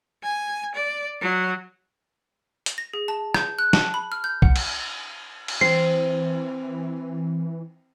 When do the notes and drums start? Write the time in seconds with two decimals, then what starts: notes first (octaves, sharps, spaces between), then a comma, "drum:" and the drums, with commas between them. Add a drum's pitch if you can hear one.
0.23 G#5
0.75 D5
1.21 F#3
2.66 drum: hi-hat
2.78 A#6
2.94 G#4
3.08 A5
3.34 G6, drum: rim click
3.59 F#6
3.73 A5, drum: snare
3.94 B5
4.12 F6
4.24 G6
4.42 F#5, drum: kick B1
4.56 drum: cymbal
5.48 drum: cymbal
5.61 E3 C4 C7